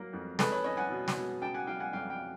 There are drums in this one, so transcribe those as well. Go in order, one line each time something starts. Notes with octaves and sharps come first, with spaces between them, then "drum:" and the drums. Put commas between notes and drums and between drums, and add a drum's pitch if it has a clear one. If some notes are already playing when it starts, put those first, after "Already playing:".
Already playing: F#3 A#3
F2
G#3 A4 B4, drum: snare
B4 C#5
C#4 C#5 D#5
F#5 G#5
B2
drum: snare
B2
C#3 G5 A5
F#5 G#5
F#3 F5 G5
F#5 G#5
F2 F5 G5
F5 G5